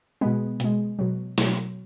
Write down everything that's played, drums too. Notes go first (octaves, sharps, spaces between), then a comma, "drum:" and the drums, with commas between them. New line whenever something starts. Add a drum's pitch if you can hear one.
B2 G#3 B3
B2 G#3, drum: hi-hat
B2 F#3
B2 F#3, drum: snare